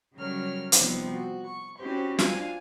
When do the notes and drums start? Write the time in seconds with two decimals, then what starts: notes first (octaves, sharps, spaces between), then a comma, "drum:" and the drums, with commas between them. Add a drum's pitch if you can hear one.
0.15 C#3 F#3 G3 A#4 C#5 F6
0.72 C3 F3 G3 B3 C4 D#4, drum: hi-hat
1.10 F#4
1.46 C#6
1.79 C4 C#4 E4 F#4 G4 C5
2.19 C4 D4 F4 F5 G#5, drum: snare